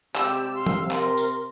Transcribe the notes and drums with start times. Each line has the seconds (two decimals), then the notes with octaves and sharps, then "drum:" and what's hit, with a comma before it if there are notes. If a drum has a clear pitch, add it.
0.15 C3 G#3 G4 D5 E6, drum: clap
0.55 F5 C6
0.66 drum: tom F3
0.91 A#4 C6, drum: clap
1.17 drum: tambourine